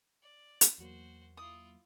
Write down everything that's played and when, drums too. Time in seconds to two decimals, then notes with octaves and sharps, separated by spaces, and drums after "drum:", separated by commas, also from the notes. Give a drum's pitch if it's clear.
0.23 D5
0.61 drum: hi-hat
0.78 E2 F#3 A#3 F#4 C5
1.37 E4 F4 D#6